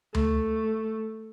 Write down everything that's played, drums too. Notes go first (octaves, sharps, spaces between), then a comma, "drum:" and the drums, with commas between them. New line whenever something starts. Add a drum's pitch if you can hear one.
A3, drum: tom D2